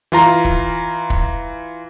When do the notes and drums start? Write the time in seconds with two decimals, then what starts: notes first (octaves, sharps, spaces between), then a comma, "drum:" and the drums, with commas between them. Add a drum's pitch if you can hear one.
0.12 E3 F4 A#5 C6
0.45 drum: kick
1.10 drum: kick